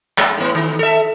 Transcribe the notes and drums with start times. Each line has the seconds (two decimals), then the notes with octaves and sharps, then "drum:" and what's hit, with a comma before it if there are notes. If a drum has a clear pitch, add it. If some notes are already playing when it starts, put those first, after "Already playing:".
0.18 G#3, drum: clap
0.38 A2 B3
0.55 D#3
0.68 drum: open hi-hat
0.79 A4 E5